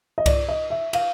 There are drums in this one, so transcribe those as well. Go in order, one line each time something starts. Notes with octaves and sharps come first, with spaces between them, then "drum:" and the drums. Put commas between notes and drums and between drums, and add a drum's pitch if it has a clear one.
D#5
D5, drum: kick C2, cymbal
D#5
E5
F5, drum: cymbal